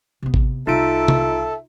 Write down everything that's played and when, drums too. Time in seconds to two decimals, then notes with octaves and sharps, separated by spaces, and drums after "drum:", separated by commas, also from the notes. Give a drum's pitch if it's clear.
0.22 C3 B3
0.34 drum: kick G#1
0.67 C2 C3 D#4 F4 A4 E5 D7
1.08 drum: tom C3